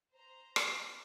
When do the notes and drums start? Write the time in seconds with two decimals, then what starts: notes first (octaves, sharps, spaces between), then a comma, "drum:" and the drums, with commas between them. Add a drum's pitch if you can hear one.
0.14 C5 A#5
0.56 drum: rim click